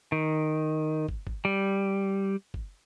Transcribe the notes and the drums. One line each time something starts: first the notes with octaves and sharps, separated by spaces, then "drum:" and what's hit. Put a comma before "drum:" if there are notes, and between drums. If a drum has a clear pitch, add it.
D#3
drum: kick
drum: kick
G3
drum: kick